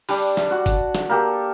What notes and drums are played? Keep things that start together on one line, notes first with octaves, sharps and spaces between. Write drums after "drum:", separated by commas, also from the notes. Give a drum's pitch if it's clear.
G3 D4, drum: open hi-hat
drum: snare
F#4 F#5
drum: kick F#1, hi-hat
drum: snare
A#3 G4 A4